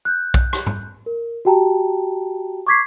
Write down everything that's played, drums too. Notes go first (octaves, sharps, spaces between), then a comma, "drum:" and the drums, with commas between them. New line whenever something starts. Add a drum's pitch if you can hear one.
F#6 G6
drum: kick B1
drum: rim click
drum: tom
A#4
F#4 G4 G5 A5 A#5
C#6 D6 G#6 B6 C7